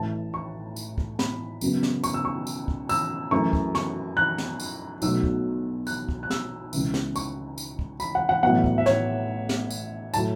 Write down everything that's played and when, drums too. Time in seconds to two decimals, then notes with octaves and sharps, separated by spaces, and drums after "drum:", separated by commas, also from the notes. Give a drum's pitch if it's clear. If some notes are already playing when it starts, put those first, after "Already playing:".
Already playing: A1 A2 E3 A5
0.34 C#6
0.76 drum: tambourine
0.98 drum: kick
1.19 B5, drum: snare
1.61 F#2 C#3 F#3 B3, drum: tambourine
1.83 drum: snare
2.04 C#6, drum: tambourine
2.14 E6
2.25 C#6
2.47 drum: tambourine
2.68 drum: kick
2.89 E6, drum: tambourine
3.31 F#2 E3 A3 C#6
3.53 drum: kick
3.75 C#6, drum: snare
4.17 F#6
4.38 drum: snare
4.60 drum: tambourine
5.02 B1 B2 F#3 A3 E6, drum: tambourine
5.23 drum: kick
5.87 F#6, drum: tambourine
6.09 drum: kick
6.23 F#6
6.30 E6, drum: snare
6.73 C#2 C#3 E3, drum: tambourine
6.94 drum: snare
7.16 C#6, drum: tambourine
7.58 drum: tambourine
7.79 drum: kick
8.00 B5, drum: tambourine
8.15 F#5
8.29 F#5
8.43 A1 A2 F#3 B3 F#5
8.64 drum: kick
8.78 E5
8.86 C#5, drum: snare
9.49 drum: snare
9.70 drum: tambourine
10.14 A2 F#3 A3 A5, drum: tambourine